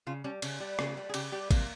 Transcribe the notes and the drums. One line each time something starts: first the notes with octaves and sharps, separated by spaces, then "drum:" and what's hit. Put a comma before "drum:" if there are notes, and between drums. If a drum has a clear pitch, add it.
C#3 F4
G3 C#4
C#3 C#4, drum: cymbal
G3
C#3, drum: rim click
G3
G#4
C#3 G4, drum: cymbal
G3 G4
C3 A#3, drum: kick G#1, cymbal